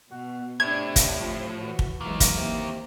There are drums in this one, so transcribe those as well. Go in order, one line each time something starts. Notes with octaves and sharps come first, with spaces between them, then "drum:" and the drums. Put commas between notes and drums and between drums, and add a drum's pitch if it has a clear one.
B2 F#4
A2 C3 D4 G#6
drum: kick, hi-hat
F3
E3 F#4
drum: kick
D#3 E3 F#3 G#3 A#3
drum: kick, hi-hat
D#2 C3